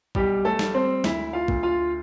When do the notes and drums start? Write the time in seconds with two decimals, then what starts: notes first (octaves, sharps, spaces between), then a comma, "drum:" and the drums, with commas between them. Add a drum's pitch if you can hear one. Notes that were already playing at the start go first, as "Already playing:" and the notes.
0.15 B1 G3 G4, drum: kick A1
0.45 A3 A4
0.59 G3, drum: snare
0.74 C4 C5
1.04 D2 E4 E5, drum: snare
1.33 F4 F5
1.48 D2, drum: kick A1
1.63 F4 F5